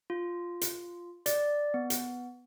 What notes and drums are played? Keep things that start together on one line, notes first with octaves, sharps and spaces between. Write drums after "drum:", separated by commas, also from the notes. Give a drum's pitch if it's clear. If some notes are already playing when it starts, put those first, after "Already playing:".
F4
drum: hi-hat
D5, drum: hi-hat
B3
drum: hi-hat